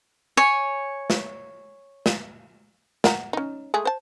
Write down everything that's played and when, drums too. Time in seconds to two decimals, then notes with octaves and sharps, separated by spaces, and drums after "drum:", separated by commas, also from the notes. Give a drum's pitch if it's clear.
0.37 C#5 G#5
1.10 drum: snare
2.06 drum: snare
3.04 A#4 F#5 A#5, drum: snare
3.33 C#4 D#4
3.74 G#3 A3 G#4
3.85 C5 A5